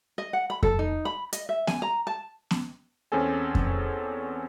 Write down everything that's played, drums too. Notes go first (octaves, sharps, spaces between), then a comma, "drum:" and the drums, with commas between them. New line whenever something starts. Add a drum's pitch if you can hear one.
D#5
F#5
B5
A4, drum: kick F2
D#4
B5
D#5, drum: hi-hat
E5
G#5, drum: snare B3
A#5
A5
drum: snare B3
E2 C4 C#4 G#4 A4 G#5
drum: kick F2